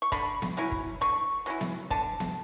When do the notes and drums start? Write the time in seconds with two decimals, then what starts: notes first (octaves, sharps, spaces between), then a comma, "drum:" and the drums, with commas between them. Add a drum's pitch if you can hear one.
0.02 C#6
0.12 D3 B5, drum: kick
0.42 drum: snare B3
0.57 F#3 C#4 E4
0.72 drum: kick
1.01 D3 C#6
1.46 F#3 C#4 E4
1.61 drum: snare B3
1.90 D3 A5, drum: kick
2.20 drum: snare B3